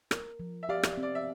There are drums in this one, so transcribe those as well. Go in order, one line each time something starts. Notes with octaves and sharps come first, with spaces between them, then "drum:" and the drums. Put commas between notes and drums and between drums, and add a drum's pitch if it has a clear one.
A#4, drum: rim click
F3
E5
G4 D5 F5
drum: rim click
C4
D5
E5